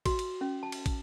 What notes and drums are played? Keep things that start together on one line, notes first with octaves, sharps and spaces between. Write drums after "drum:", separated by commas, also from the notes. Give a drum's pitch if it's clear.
F#4, drum: kick, cymbal
drum: cymbal
C#4
A5
drum: cymbal
drum: kick, cymbal